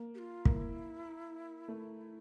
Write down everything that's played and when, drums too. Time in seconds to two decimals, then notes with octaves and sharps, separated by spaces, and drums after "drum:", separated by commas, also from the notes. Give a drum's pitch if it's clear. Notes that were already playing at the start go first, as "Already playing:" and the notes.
Already playing: A#3
0.15 G4
0.18 F4
0.45 A#3 E4, drum: kick
1.68 A3